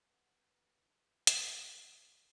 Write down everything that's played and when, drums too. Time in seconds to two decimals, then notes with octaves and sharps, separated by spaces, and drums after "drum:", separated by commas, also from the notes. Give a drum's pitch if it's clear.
0.10 B4 F#5
1.27 drum: hi-hat